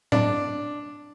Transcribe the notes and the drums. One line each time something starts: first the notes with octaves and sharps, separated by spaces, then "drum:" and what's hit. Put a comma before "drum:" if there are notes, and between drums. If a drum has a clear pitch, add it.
D4, drum: tom A2